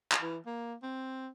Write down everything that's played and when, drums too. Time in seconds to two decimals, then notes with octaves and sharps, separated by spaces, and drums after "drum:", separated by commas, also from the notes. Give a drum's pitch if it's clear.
0.12 drum: clap
0.22 E3
0.46 A#3
0.83 C4